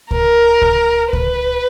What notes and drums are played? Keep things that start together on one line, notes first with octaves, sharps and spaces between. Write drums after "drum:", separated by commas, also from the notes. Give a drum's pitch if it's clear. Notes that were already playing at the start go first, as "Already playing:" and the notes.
A#4, drum: kick C#2
drum: kick C#2
B4, drum: kick C#2